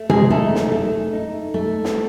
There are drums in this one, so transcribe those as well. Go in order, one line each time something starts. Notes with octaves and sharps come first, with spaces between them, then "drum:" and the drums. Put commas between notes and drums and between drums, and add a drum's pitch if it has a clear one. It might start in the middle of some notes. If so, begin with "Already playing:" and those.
Already playing: A3
G#3 G#4, drum: tom C3
A3 D#4 A4
drum: snare
A3
D#4
A3
drum: snare